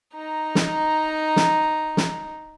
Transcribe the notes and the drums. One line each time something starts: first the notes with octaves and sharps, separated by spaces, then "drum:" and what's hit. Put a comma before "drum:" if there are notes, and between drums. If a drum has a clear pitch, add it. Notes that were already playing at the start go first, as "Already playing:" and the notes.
D#4 A#5
drum: snare
drum: snare
drum: snare